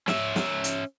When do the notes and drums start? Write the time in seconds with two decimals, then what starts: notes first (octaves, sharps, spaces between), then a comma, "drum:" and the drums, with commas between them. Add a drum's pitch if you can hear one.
0.08 C#4 E5, drum: snare
0.36 drum: snare
0.64 drum: hi-hat